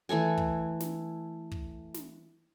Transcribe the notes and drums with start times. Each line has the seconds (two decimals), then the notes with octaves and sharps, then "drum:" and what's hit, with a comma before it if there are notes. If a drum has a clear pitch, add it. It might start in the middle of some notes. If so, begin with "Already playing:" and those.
0.09 E3 A3 A4 G#5
0.38 drum: kick
0.80 drum: snare
1.52 drum: kick
1.94 drum: snare